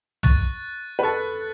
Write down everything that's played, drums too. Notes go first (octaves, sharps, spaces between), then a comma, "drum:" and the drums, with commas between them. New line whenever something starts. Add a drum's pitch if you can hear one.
C#6 F#6 A6, drum: tom
B4
A4 C#6 F#6 A6